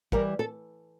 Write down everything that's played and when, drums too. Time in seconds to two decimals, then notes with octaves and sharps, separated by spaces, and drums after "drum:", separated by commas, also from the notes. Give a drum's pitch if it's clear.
0.12 E3 G3 A#4, drum: kick
0.39 A4